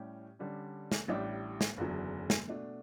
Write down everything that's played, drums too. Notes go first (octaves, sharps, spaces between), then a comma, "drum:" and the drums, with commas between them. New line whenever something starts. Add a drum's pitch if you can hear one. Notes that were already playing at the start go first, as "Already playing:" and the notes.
Already playing: A2 G3 C#4 G4
D3 G3 C#4
drum: snare
A1 A2 G3 D4
drum: snare
F#1 E2 D3 F#3
drum: snare
B2 A3 D4 F#4